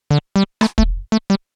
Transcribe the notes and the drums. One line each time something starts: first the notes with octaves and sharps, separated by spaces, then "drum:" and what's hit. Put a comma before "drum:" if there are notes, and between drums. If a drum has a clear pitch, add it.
D3
G3
A3, drum: rim click
A3, drum: kick
A3
G3